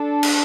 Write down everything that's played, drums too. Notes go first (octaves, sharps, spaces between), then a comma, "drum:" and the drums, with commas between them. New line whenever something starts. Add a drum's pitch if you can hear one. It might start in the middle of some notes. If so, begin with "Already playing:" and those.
Already playing: D4 A4
drum: cymbal